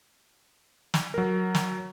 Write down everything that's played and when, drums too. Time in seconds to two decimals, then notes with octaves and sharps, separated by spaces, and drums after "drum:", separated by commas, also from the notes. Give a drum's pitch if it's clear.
0.94 drum: snare
1.14 F#3 A#4
1.55 drum: snare